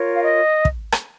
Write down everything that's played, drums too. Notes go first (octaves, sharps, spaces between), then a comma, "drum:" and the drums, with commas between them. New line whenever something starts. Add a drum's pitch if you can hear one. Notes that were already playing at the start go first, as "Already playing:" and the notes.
Already playing: F4 A#4 C#5
F5
D#5
drum: kick
drum: rim click